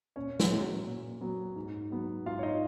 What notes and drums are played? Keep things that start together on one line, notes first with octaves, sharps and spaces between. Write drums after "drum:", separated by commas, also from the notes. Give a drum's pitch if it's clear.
A#2 C#4 C#5
drum: snare
F#3 B3
A#2
F#3 B3
G#2
F#3 B3
G#2 F4 F5
C#5
D#4 D#5